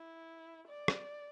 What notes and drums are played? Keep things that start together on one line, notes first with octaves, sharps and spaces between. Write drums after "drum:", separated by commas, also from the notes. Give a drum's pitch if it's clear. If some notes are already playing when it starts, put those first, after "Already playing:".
Already playing: E4
D5
drum: rim click